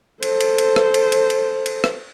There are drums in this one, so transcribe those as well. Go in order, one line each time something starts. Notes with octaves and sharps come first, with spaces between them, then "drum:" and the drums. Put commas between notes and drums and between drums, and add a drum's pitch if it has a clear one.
A4 C5, drum: cymbal
drum: cymbal
drum: cymbal
drum: rim click
drum: cymbal
drum: cymbal
drum: cymbal
drum: cymbal
drum: rim click